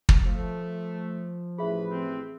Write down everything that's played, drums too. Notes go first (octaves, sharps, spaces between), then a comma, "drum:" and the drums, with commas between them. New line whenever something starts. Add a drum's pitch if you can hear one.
drum: kick
F3 A3
A1 E3 G#4 B4 E5 B5
C4